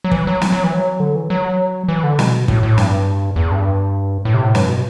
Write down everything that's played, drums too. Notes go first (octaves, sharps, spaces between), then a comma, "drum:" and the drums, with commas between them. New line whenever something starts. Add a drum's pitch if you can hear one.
F#3
E3, drum: kick
F#3
drum: snare
F#3
E3
F#3
D3
E3
F#3
E3
D3
B2, drum: snare
A2, drum: kick
A2
G2, drum: snare
E2
G2
A2
C3
A2
G2, drum: snare
B2